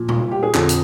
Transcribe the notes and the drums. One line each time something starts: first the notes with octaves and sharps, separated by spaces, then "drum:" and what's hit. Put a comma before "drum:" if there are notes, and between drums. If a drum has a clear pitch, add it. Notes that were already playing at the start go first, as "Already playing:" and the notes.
Already playing: A#2 F3
F4, drum: tom A#2
F4
G4
G#4
F2 D3 F3, drum: clap
drum: hi-hat